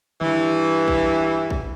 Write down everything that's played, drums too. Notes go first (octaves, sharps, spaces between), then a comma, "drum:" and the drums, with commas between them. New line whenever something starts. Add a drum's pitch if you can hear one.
G2 E3, drum: tom D3
drum: kick
drum: kick